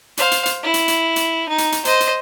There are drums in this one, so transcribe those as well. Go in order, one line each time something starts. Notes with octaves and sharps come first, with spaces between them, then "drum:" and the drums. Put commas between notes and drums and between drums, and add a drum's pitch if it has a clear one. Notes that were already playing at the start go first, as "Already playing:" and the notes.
C5 F5, drum: hi-hat
drum: hi-hat
drum: hi-hat
E4
drum: hi-hat
drum: hi-hat
drum: hi-hat
D#4
drum: hi-hat
drum: hi-hat
C5 D#5, drum: hi-hat
drum: hi-hat